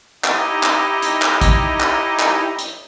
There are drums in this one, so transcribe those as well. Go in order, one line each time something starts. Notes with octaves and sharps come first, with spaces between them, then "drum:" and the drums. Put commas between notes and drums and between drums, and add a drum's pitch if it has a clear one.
D#4 E4 G4 D#5, drum: clap
drum: clap
drum: hi-hat
drum: clap
drum: kick, hi-hat
drum: clap
drum: clap
drum: hi-hat